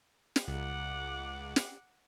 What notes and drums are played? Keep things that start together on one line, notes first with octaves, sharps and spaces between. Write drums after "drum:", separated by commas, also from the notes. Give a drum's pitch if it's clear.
drum: snare
C#2 F#5 D6
drum: snare